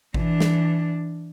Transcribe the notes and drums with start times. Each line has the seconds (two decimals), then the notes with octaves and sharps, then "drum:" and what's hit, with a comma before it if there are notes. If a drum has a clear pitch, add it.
0.14 E3 D4, drum: kick G#1
0.40 drum: snare